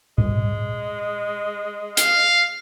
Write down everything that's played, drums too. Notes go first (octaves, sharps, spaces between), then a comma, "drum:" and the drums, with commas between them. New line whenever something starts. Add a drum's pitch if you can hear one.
G#3, drum: tom A#2
F5, drum: hi-hat